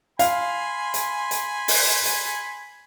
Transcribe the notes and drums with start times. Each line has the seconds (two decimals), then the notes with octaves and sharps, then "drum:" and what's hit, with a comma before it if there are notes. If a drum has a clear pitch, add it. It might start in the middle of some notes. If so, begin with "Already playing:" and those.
0.19 F5 G#5 B5 C6, drum: hi-hat
0.94 drum: hi-hat
1.31 drum: hi-hat
1.68 drum: open hi-hat
2.05 drum: hi-hat